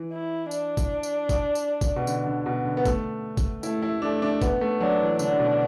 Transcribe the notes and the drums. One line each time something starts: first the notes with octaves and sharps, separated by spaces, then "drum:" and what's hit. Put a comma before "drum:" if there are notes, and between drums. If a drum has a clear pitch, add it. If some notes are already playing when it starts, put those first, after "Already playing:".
Already playing: E3
E4
D4, drum: tambourine
drum: kick G1, tambourine
drum: tambourine
drum: kick G1, tambourine
drum: tambourine
drum: kick G1, tambourine
B2
D3, drum: tambourine
D3
B2
D3
B3
A3, drum: kick G1, tambourine
drum: kick G1, tambourine
A3 E4, drum: tambourine
E4
A3 D4
D4
B3, drum: kick G1, tambourine
A3
F#3 D4
E3
D3 D4, drum: tambourine
B2